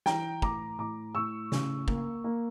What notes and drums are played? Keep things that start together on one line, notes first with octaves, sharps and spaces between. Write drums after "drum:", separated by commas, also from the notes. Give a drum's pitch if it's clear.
E3 G5 A#5, drum: snare
A2 A#5 D6, drum: kick
A2 A#5 D6
A2 C#6 E6
C#3, drum: snare
A#3, drum: kick
A#3